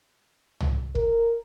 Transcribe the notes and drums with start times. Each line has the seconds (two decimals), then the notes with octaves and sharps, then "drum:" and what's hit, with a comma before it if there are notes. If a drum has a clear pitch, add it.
0.60 drum: tom C2
0.95 A#4, drum: kick